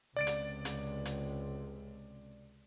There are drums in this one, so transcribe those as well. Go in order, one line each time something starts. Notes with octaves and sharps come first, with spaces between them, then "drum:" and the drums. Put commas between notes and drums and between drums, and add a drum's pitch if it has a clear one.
C#2 C3 D5 A6 D7
drum: hi-hat
drum: hi-hat
drum: hi-hat